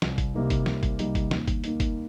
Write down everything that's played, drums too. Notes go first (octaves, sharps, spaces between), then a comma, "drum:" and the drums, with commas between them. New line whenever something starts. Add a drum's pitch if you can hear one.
C2, drum: snare
drum: kick G1, hi-hat
C3 G3 A#3 D#4
drum: kick G1, hi-hat
C2, drum: snare
drum: kick G1, hi-hat
C3 G3 A#3 D#4, drum: hi-hat
drum: kick G1, hi-hat
D#2, drum: snare
drum: kick G1, hi-hat
D#3 A#3, drum: hi-hat
drum: kick G1, hi-hat